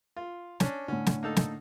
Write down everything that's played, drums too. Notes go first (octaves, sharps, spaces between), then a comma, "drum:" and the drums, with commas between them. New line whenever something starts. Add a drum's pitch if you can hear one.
F4
C#4 D4, drum: snare
A2 D3 C#4
drum: snare
A#3 D#4 A4
drum: snare